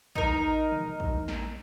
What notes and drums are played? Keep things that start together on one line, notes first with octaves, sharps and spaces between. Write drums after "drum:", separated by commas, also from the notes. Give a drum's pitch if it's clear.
D#4 A#4, drum: kick
drum: tom
drum: kick
drum: snare